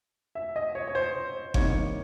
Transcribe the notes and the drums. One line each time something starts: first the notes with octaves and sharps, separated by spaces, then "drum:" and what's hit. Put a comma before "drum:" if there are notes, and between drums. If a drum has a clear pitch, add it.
E5
D#5
C#5
C#5
C5
C3 D#3 G3 A#3 C#5, drum: kick G1